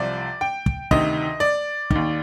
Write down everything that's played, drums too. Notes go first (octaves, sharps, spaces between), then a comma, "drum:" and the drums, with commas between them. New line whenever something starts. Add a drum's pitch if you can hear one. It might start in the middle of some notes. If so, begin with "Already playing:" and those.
Already playing: C2 C3 F3 D5
G5
drum: kick
D2 C3 D#3 D#5, drum: kick
D5
D#2 D#3, drum: kick